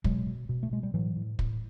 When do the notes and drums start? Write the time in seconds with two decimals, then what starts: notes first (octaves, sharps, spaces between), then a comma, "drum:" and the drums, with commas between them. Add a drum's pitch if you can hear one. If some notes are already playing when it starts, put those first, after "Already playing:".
0.04 B2 F#3 G#3, drum: kick
0.26 B2
0.49 B2
0.63 A3
0.71 B2 G#3
0.83 G3
0.94 A2 E3 F#3
1.16 A2
1.39 A2, drum: kick